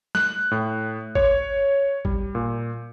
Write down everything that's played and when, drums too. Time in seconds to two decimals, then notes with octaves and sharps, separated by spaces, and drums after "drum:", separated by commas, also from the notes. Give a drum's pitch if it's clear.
0.15 F#6, drum: snare
0.51 A2
1.15 C#5, drum: kick
2.05 G3, drum: kick
2.35 A#2